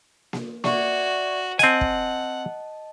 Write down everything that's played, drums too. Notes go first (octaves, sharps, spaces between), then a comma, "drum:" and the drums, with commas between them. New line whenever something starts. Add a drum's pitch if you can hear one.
drum: snare A#3
F#4 D5 E5 C#6, drum: snare A#3
C4 D#5 F#5 G#5 A5, drum: hi-hat
drum: kick